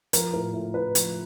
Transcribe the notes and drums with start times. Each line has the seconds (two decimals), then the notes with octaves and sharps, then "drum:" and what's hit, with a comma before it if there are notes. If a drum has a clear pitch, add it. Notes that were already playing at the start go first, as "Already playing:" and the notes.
0.13 F3 A#4, drum: hi-hat
0.33 A2 A#4
0.54 A2
0.74 A2 B4
0.95 F3, drum: hi-hat